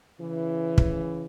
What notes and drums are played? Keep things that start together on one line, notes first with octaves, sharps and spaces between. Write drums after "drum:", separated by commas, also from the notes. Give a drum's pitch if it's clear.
C#3 E3
drum: kick